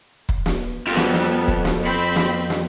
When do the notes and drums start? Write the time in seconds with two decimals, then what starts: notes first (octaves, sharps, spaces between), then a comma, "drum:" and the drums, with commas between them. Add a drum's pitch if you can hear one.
0.29 drum: kick
0.46 drum: snare
0.87 F2 G3 B3
0.97 drum: snare
1.14 drum: snare
1.48 drum: kick
1.65 drum: snare
1.82 C4 B5
2.16 drum: snare
2.50 drum: snare